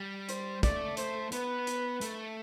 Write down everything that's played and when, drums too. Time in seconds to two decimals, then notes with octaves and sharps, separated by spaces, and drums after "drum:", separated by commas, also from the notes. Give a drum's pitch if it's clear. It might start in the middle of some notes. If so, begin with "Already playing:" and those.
Already playing: G3
0.29 C5, drum: hi-hat
0.63 A3 D5, drum: kick, hi-hat
0.97 C5, drum: hi-hat
1.32 B3 B4, drum: hi-hat
1.67 drum: hi-hat
2.01 A3, drum: hi-hat